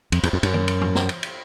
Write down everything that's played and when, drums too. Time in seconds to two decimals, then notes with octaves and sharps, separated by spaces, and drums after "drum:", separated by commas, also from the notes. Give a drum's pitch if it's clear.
0.12 F2, drum: cymbal
0.23 E2, drum: cymbal
0.33 F2
0.43 F#2, drum: cymbal
0.54 drum: tom D#3
0.68 drum: cymbal
0.81 drum: tom
0.95 drum: snare
1.09 drum: cymbal
1.23 drum: cymbal